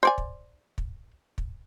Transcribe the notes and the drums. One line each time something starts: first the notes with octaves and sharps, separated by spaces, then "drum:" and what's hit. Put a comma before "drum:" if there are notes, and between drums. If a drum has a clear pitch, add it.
C5 D5 G#5
drum: kick
drum: kick
drum: kick